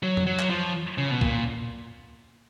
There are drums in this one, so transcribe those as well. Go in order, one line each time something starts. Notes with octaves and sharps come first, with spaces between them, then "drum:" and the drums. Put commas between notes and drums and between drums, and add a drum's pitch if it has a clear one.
F#3
drum: tom F2
F#3
drum: clap
F3
C#3
B2
A#2, drum: kick